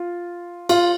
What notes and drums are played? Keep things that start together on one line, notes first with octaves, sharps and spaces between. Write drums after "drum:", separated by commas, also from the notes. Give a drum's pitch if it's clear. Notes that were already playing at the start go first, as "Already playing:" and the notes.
Already playing: F4
F4, drum: cymbal